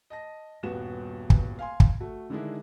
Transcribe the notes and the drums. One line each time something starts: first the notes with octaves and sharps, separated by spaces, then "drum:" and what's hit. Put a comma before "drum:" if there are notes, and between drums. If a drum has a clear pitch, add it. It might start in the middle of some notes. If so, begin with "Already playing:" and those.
D#5 A5 A#6
D#1 G2 B3 F#4 E7
drum: kick
F5 G#5 C6
drum: kick
A3 F#4
D3 D#3 G#3 D4 E4